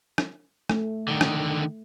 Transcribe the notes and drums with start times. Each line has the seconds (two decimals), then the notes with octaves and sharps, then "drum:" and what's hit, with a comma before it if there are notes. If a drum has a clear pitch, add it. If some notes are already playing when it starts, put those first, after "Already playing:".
0.18 drum: rim click
0.69 A3, drum: rim click
1.08 D3 D#3
1.21 drum: rim click